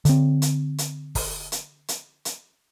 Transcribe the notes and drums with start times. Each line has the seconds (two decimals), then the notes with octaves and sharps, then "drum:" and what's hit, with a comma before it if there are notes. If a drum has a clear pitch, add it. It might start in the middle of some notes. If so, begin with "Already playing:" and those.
0.05 D3 C4, drum: hi-hat
0.42 drum: hi-hat
0.78 drum: hi-hat
1.15 drum: kick, open hi-hat
1.52 drum: hi-hat
1.88 drum: hi-hat
2.25 drum: hi-hat